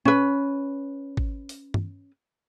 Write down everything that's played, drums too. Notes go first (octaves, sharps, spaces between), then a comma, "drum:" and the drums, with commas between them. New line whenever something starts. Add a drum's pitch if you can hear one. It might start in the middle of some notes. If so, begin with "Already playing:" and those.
C#4 B4, drum: tom A#2
drum: kick G#1
drum: open hi-hat
drum: tom G2